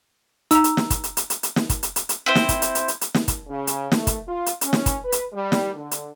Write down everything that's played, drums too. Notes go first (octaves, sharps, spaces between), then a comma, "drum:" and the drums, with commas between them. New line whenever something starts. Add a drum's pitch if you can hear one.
D#4 A#5 E6, drum: hi-hat
drum: hi-hat
drum: snare
drum: kick, hi-hat
drum: hi-hat
drum: hi-hat
drum: hi-hat
drum: hi-hat
drum: snare
drum: kick, hi-hat
drum: hi-hat
drum: hi-hat
drum: hi-hat
C4 E4 C5
drum: snare
drum: kick, hi-hat
drum: hi-hat
drum: hi-hat
drum: hi-hat
drum: hi-hat
drum: snare
drum: kick, hi-hat
C#3
drum: hi-hat
A3, drum: snare
drum: kick, hi-hat
F4
drum: hi-hat
C#4, drum: hi-hat
drum: snare
drum: kick, hi-hat
B4
drum: hi-hat
G3
drum: snare
D3
drum: hi-hat